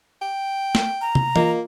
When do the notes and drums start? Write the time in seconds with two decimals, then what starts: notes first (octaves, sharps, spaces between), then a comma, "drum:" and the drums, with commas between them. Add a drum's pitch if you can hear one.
0.22 G5
0.75 drum: snare
1.01 A#5
1.15 drum: tom
1.36 A#3 F4 D#5, drum: tom E3